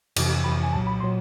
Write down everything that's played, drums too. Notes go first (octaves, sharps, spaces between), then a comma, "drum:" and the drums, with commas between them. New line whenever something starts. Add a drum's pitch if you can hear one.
F2 C3 E3, drum: cymbal
F2 C3 E3 B5
G#5
C2 A#2 F#3 A5
B5
A#2 F#3 C6